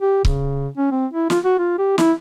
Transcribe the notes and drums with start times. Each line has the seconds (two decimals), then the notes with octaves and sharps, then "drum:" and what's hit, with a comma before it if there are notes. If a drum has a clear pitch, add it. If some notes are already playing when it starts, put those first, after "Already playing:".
0.01 G4
0.25 C#3, drum: kick C#1
0.77 C#4
0.91 C4
1.13 E4
1.30 F4, drum: snare
1.44 F#4
1.58 F4
1.78 G4
1.98 E4, drum: snare